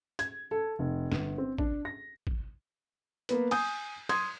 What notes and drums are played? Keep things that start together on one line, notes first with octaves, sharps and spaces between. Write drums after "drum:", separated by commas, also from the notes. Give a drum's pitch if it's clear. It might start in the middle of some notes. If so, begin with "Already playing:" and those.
G#6, drum: hi-hat
A4
F1
G1, drum: snare
C4
D4, drum: kick
A#6
drum: kick
A#3 B3 B4, drum: hi-hat
G#5 D#6 G6, drum: cymbal
C6 D#6 G#6, drum: cymbal